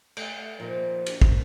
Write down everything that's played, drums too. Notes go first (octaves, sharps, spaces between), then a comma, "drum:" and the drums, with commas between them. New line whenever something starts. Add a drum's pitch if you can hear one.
A3, drum: cymbal
A#2 D#3 F3 C5
drum: cymbal
drum: kick